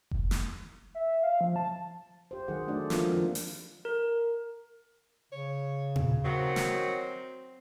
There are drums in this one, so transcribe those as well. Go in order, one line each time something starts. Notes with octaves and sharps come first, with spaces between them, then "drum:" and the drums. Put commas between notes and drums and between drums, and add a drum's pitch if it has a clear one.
drum: kick F1
drum: snare
E5
F5
F3
A5
G4 C5
D#3 F#3 G#4 F#5
A3 D4 F#4 D5
F3 G#3 A#3 F4 A#4, drum: snare
D#3 F3 A#3 C4 F4
drum: open hi-hat
A#4
C#3 C#5
drum: tom
D#3 F#3 C4
drum: snare